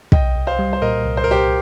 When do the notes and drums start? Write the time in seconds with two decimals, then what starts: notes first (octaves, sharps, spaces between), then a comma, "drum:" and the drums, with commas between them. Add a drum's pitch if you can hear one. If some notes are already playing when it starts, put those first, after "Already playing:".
0.12 C2 D#5 G5, drum: kick
0.35 C2
0.47 C5 F5
0.59 G3
0.73 C5
0.82 A#2 A#4 D#5
1.06 C2
1.17 C5
1.24 A#4
1.28 C2 G4 C5